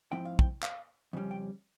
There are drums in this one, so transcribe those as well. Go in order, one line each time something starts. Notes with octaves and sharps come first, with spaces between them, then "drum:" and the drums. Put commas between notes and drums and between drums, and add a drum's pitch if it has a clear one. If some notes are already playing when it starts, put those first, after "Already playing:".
G#2 F3 C4 E4 G5
F5
G5, drum: kick
F5, drum: clap
F2 C#3 G3 C#4
G5